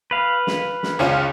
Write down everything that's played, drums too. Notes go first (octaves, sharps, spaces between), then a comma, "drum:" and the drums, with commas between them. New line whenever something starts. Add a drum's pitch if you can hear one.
B4 F5
drum: snare
drum: snare
C#2 C#4 F4